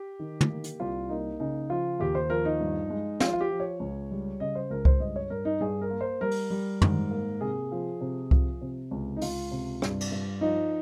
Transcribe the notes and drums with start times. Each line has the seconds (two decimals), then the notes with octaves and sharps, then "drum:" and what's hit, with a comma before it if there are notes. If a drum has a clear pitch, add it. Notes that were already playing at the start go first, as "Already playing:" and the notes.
Already playing: G4
0.19 D#3
0.41 drum: tom
0.50 A#3
0.64 drum: hi-hat
0.80 C2 F4
1.09 A#3 D#4
1.40 C#3 D#4
1.70 F3 F4
2.00 D#2 G4
2.15 C5
2.30 F3 A#4
2.45 D#4
2.61 G2
2.90 G#3
3.20 F3 F4, drum: snare
3.33 F4
3.41 G4
3.51 F3
3.60 C#5
3.80 C#2
4.11 G3
4.40 C#3 D#5
4.55 C5
4.70 C#2 A#4
4.85 C5, drum: kick C2
5.00 G2 D#5
5.16 C#5
5.30 G2 A#4
5.45 D#4
5.61 G2 G#4
5.81 A#4
5.90 A#3
6.01 C5
6.21 G3 A#4
6.31 drum: open hi-hat
6.50 G3
6.82 G#2, drum: tom
7.11 A#3
7.41 C3 G#4
7.72 F3
8.01 C3
8.31 F3, drum: kick C2
8.61 C3
8.91 C#2
9.16 D#4
9.22 C#2 F4, drum: open hi-hat
9.51 C3
9.82 G2, drum: rim click
10.01 drum: cymbal
10.12 G2
10.41 F3 D#4